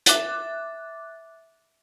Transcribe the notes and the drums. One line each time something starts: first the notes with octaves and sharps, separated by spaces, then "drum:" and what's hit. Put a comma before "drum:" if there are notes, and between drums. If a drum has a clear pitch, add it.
E5 D6 F#6 A6, drum: hi-hat